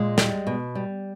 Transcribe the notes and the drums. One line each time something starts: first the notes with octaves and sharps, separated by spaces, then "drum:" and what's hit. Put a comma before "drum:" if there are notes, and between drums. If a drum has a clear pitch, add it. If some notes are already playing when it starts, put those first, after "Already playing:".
Already playing: A#2 G#3
G3, drum: snare
B2
G3